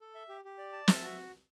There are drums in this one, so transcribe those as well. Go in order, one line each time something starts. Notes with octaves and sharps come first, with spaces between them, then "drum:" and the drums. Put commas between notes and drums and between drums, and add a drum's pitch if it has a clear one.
A4
E5
G4
G4
D5
A5
E5, drum: snare
F#4